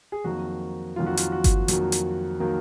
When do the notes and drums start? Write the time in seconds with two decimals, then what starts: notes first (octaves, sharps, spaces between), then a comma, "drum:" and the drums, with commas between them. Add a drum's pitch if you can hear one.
0.12 G#4
0.24 F2 D#3 F#3 A#3 F#4
0.96 F2 D#3 F#3 A#3 F4
1.07 F#4
1.17 F4, drum: hi-hat
1.32 F#4
1.44 drum: kick G1, hi-hat
1.68 F2 D#3 F#3 A#3, drum: hi-hat
1.92 drum: hi-hat
2.40 D#3 F#3 A#3